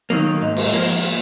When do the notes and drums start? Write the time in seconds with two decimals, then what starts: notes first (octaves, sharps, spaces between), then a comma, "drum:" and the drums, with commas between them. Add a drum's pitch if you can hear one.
0.10 D#3 F#3 A#3
0.41 G#2
0.57 drum: cymbal
0.73 F3 A#3